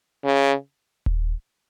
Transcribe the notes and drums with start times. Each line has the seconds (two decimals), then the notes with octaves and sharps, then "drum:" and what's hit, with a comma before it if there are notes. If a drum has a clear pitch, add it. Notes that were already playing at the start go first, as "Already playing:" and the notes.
0.25 C#3
1.06 drum: kick D#1